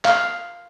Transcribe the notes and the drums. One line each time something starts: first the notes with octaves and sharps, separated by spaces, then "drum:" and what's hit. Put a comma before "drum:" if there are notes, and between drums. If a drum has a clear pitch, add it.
F5, drum: clap